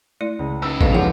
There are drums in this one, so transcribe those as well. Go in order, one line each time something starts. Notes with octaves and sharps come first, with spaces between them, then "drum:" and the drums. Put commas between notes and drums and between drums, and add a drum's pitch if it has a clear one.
A3 E4 D5
C#2
D#4 B4 E6
F1 B1 G#3 D4 B4 D#5 F5 F#6, drum: kick A1
D3 E3 F3 C#4 G#4 F#5